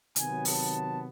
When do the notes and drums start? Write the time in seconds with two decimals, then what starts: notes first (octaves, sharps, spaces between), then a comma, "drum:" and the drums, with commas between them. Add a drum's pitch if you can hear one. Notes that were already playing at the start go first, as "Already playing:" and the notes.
0.16 C3 D#3 F#3 B3 G#5, drum: hi-hat
0.45 A5, drum: open hi-hat